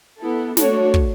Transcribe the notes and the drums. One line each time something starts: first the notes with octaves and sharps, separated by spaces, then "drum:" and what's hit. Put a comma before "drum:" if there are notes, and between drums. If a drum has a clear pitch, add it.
B3 E4 A4
A3 D4 F#4 A4 C#5, drum: snare
drum: kick